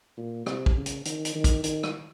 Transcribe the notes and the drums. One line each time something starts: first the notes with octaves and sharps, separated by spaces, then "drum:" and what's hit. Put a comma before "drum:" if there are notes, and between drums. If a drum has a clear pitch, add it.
A#2
C3, drum: rim click
drum: kick
C#3
drum: hi-hat
D#3, drum: hi-hat
drum: hi-hat
D#3
drum: kick, hi-hat
D#3, drum: hi-hat
drum: rim click